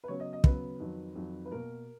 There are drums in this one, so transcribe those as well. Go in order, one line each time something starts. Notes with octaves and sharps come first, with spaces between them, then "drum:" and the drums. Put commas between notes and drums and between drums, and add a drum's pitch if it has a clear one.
B4
C#3 F#3 B3 C#5
D#5
D#5
C#3 F#3 B3 B4, drum: kick
F2 D#3 F#3
F2 D#3 F#3
B4
B2 A#3 A#4